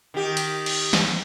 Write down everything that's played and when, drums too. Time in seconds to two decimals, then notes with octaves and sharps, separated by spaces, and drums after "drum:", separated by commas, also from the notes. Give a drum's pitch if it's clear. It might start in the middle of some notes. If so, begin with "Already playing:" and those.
0.14 D#3 G4
0.37 drum: hi-hat
0.66 drum: cymbal
0.93 drum: snare